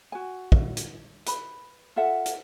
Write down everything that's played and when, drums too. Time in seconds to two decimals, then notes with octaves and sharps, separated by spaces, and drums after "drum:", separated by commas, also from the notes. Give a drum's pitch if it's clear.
0.12 F#4 G#5
0.52 drum: kick
0.77 drum: hi-hat
1.26 B4 B5, drum: hi-hat
1.96 F4 A4 E5 F#5
2.26 drum: hi-hat